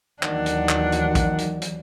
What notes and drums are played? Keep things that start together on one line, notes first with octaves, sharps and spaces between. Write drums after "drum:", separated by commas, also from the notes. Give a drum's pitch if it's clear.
D#2 D#3 E3 F#3 D4 F#5, drum: clap
drum: hi-hat
drum: clap
drum: hi-hat
drum: kick, hi-hat
drum: hi-hat
drum: hi-hat